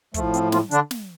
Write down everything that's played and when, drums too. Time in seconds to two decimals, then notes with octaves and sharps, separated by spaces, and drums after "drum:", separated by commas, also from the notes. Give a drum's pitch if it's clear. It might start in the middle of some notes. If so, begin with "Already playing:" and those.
0.14 A2 F3 A3, drum: kick, hi-hat
0.34 C4, drum: hi-hat
0.52 F3 F4, drum: snare
0.71 D3 D4, drum: hi-hat
0.91 drum: snare